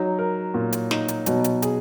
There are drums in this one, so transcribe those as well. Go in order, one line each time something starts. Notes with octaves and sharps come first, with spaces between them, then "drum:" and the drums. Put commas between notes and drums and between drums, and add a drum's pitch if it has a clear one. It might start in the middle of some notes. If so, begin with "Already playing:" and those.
Already playing: F#3 D#4
A#4
A#2
drum: hi-hat
D#4, drum: snare
drum: hi-hat
B2 F#3, drum: hi-hat
drum: hi-hat
G#4, drum: hi-hat